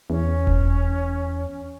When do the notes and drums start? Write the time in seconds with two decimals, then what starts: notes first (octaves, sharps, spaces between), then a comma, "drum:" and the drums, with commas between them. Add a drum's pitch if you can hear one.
0.10 E2 C#4
0.47 drum: kick E1